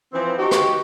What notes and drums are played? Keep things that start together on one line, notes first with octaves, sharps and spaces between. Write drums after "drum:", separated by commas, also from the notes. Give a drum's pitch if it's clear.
E3 F3 C4
D#4 F#4 G4
drum: rim click